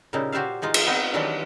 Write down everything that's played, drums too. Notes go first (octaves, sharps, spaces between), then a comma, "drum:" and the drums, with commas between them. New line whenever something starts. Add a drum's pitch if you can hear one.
A#2 C#3 G3 A#3 D#4 E4
F#4 G4 C5 D5 E5 F5
E3 G#3 D#4 F4
drum: cymbal
B3 C4 D#4
D#3 E3 F#3 G3 C4 D4